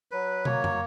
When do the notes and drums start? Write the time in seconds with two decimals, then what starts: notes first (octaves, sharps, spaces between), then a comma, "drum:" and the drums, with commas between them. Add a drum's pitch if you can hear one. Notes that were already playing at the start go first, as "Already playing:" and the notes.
0.11 F#3 B4
0.45 A#3 C#5, drum: tom
0.64 drum: tom